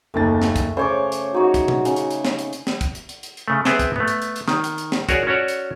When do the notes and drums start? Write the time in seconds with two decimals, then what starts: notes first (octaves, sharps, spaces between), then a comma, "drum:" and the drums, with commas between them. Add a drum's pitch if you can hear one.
0.14 F#1 D#2 A3 A6
0.42 drum: snare
0.56 drum: kick, hi-hat
0.77 C#3 A4 C5 C#5 D6
1.12 drum: hi-hat
1.34 D#4 F#4 C#5
1.54 drum: kick, hi-hat
1.68 drum: tom
1.85 C#3, drum: hi-hat
1.96 drum: hi-hat
2.10 drum: hi-hat
2.25 drum: snare
2.39 drum: hi-hat
2.53 drum: hi-hat
2.67 drum: snare
2.81 drum: kick, hi-hat
2.95 drum: hi-hat
3.09 drum: hi-hat
3.23 drum: hi-hat
3.37 drum: hi-hat
3.48 C#3 A3
3.65 B3 C4 G#4 E5 G5 A5, drum: snare
3.79 drum: kick, hi-hat
3.96 A3 B3, drum: tom G#2
4.08 drum: hi-hat
4.22 drum: hi-hat
4.36 drum: hi-hat
4.48 D#3, drum: snare
4.64 drum: hi-hat
4.78 drum: hi-hat
4.92 drum: snare
5.09 F#4 G#4 A#4 C#5 D5, drum: kick, hi-hat
5.27 C#4 F#4 A4 C#5 D5
5.48 drum: hi-hat